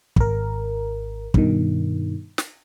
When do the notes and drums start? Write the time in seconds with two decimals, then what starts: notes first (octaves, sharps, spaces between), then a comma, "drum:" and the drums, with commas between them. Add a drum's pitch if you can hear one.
0.16 G#1 A#4, drum: kick
1.34 G2 B2 D#3, drum: kick
2.38 drum: snare